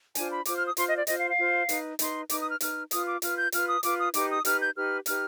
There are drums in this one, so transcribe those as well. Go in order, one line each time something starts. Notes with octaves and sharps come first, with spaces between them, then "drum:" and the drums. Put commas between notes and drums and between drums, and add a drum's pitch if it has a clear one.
D4 F4 C5 G#5, drum: hi-hat
B5
F4 C5 D6, drum: hi-hat
F6
D#6
F4 C5 C6, drum: hi-hat
D#5
D5
F4 C5 D#5, drum: hi-hat
F5
F5
F4 C5
D#4 B4, drum: hi-hat
D#4 B4 C6, drum: hi-hat
D#4 B4 D6, drum: hi-hat
D#6
F6
D#4 B4 F6, drum: hi-hat
F4 B4 D#6, drum: hi-hat
D6
F4 B4 F6, drum: hi-hat
G6
F4 B4 F6, drum: hi-hat
D#6
F4 B4 D6, drum: hi-hat
D#6
D#4 G4 B4 D6, drum: hi-hat
D#6
D#4 G4 B4 F6, drum: hi-hat
G6
D#4 G4 B4 F6
D#4 G4 B4 F6, drum: hi-hat